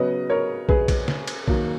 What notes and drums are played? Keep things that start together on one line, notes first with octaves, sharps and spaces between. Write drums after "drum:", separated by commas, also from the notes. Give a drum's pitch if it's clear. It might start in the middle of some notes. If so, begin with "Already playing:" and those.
Already playing: C#3 F#3 B3 B4 D#5
A#4 C#5
G#4 B4, drum: kick
drum: kick, cymbal
drum: snare
drum: cymbal
D#3 F#3 A#3, drum: kick